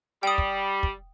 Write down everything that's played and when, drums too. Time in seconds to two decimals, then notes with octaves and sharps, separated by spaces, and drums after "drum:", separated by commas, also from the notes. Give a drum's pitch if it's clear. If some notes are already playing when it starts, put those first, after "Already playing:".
0.23 G3 G5 D#6
0.38 drum: kick
0.83 drum: kick